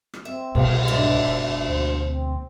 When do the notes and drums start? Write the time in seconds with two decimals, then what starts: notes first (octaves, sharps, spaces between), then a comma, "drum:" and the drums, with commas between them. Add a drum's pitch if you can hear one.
0.14 drum: rim click
0.25 C4 E5
0.55 C2 B2, drum: cymbal
0.87 G#2 D4 D#5 E5
1.27 F#1
1.68 D2 C5
2.07 C4